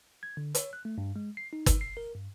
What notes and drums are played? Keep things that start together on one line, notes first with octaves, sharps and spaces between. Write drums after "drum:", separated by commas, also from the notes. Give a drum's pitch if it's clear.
G#6
D3
C#5, drum: hi-hat
F#6
A3
G2
G#3
C7
D#4
drum: kick, hi-hat
C7
A#4
G2